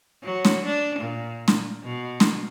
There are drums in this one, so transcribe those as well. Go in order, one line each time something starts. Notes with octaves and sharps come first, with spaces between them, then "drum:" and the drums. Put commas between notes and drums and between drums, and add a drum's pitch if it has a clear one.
F#3
drum: snare
D4
A#2
drum: snare
B2
drum: snare